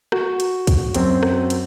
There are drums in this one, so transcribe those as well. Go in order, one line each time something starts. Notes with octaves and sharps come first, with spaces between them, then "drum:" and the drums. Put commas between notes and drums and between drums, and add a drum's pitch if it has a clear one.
F#4, drum: rim click
drum: hi-hat
drum: kick B1, hi-hat
F#2 F#3 C4, drum: hi-hat
drum: rim click
drum: hi-hat